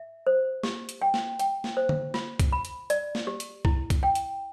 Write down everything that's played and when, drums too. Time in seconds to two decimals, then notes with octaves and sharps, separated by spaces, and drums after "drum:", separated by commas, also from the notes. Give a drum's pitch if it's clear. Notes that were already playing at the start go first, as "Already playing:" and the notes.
Already playing: E5
0.27 C5
0.64 G4, drum: snare
0.89 drum: hi-hat
1.02 G5
1.14 drum: snare
1.39 G5, drum: hi-hat
1.64 drum: snare
1.77 C5
1.89 drum: tom D3
2.14 F4, drum: snare
2.40 drum: kick, hi-hat
2.53 B5
2.65 drum: hi-hat
2.90 D5, drum: hi-hat
3.15 drum: snare
3.27 G4
3.40 drum: hi-hat
3.65 E4, drum: kick
3.90 drum: kick, hi-hat
4.03 G5
4.15 drum: hi-hat